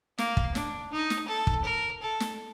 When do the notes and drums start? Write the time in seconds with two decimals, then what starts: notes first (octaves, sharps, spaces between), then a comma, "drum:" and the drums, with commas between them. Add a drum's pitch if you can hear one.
0.18 A#3, drum: snare
0.37 drum: kick
0.55 D4, drum: snare
0.92 D#4
1.10 drum: snare
1.28 A4
1.47 drum: kick
1.65 A#4
2.02 A4
2.20 drum: snare